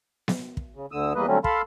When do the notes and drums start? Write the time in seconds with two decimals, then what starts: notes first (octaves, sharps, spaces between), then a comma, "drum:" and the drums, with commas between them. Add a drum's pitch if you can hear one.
0.28 drum: snare B3
0.57 drum: kick
0.75 C#3
0.92 D2 D3 D#6 E6
1.15 E2 G3 A#3 B4 D#5
1.27 D3 F#3 G3 A3 C4 C#4
1.44 A4 F5 A5 B5 C6, drum: kick